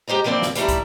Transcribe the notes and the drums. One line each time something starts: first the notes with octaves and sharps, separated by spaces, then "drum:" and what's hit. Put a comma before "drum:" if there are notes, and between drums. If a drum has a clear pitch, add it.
G#3 G4 C5 D#5 A#5
E3 F3 A#3 C4 D5
drum: snare
E3 G3 A3 D#4 E4, drum: hi-hat
drum: kick, hi-hat